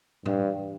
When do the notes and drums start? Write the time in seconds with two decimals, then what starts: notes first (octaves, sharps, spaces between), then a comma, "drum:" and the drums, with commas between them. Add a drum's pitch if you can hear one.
0.26 G2, drum: tom A2